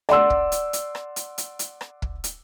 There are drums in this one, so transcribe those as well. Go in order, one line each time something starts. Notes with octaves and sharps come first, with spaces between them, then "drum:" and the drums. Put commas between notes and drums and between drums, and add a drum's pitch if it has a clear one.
D5 F#5 C6 E6, drum: rim click
drum: kick
drum: hi-hat
drum: hi-hat
drum: rim click
drum: hi-hat
drum: hi-hat
drum: hi-hat
drum: rim click
drum: kick
drum: hi-hat